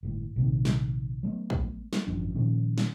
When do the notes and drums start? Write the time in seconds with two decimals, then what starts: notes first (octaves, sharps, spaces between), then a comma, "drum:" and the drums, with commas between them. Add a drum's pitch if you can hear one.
0.03 G1 A2
0.36 A#1 C3 D#3
0.65 drum: snare
1.23 F#3 A3 B3
1.50 drum: kick
1.93 drum: snare
2.07 G#1 F#2 F3 D4
2.35 A#2 D#3 F3 C#4
2.78 drum: snare